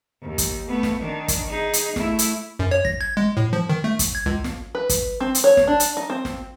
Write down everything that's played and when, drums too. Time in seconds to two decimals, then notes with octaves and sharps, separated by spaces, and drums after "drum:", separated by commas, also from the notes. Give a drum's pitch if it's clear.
0.22 D#2
0.38 drum: kick, hi-hat
0.68 A3 B3
0.83 drum: snare
1.01 D#3 D4
1.28 drum: kick, hi-hat
1.48 D#4 G#4
1.73 drum: hi-hat
1.96 A3 E4, drum: snare
2.19 drum: hi-hat
2.59 F#2
2.71 C#5
2.85 A#6, drum: kick
3.01 G#6
3.17 G#3
3.37 A2
3.53 F3
3.70 D#3
3.84 A3
3.99 drum: kick, hi-hat
4.15 G#6
4.26 C#2
4.44 drum: snare
4.75 B4
4.89 drum: kick, hi-hat
5.20 C4
5.35 drum: hi-hat
5.44 C#5
5.57 drum: snare
5.68 D4
5.80 drum: hi-hat
5.97 D#4
6.10 C4
6.25 drum: snare